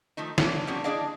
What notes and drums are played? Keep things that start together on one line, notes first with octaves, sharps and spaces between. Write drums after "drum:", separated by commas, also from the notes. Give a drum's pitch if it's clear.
D#3 F3 A3 D#4
E3 A#3 B3 D4, drum: snare
F3 G3 A#3 B3 C#4 D4
D4 E4 G#4 D5 D#5 F5